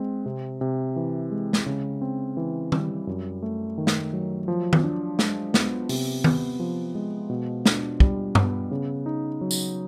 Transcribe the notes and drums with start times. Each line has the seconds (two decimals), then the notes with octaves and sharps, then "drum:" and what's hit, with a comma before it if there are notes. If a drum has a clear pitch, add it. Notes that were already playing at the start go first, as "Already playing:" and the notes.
Already playing: G#3 C4
0.26 C3
0.61 C3
0.96 E3
1.31 G#3
1.53 drum: snare
1.66 C#3
2.01 C4
2.37 E3
2.72 G3, drum: tom
3.07 F#2
3.42 A3
3.78 D#3
3.87 drum: snare
4.13 F#3
4.48 F3
4.73 drum: tom D#3
4.83 D4
5.19 G#3, drum: snare
5.54 B3, drum: snare
5.89 C3, drum: open hi-hat
6.24 B3, drum: tom D#3
6.60 F3
6.95 G#3
7.30 B2
7.66 D4, drum: snare
8.00 G3, drum: kick
8.35 B3, drum: tom G2
8.71 C#3
9.06 D#4
9.41 F#3
9.51 drum: tambourine